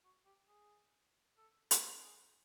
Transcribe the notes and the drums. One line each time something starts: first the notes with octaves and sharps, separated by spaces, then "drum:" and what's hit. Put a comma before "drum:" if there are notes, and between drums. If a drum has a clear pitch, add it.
F#4
G4
G#4
A4
A4, drum: hi-hat
G#4